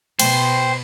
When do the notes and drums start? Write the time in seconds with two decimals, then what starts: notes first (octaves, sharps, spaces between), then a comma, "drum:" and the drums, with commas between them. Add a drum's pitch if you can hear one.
0.19 B2 C5 G5, drum: cymbal